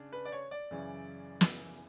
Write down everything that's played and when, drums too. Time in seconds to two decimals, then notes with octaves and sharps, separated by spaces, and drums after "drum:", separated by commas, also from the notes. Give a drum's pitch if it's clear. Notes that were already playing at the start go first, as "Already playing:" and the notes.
Already playing: C#3 D4
0.13 B4
0.25 D5
0.32 C#5
0.51 D5
0.71 F#2 C#3 E3
1.41 drum: snare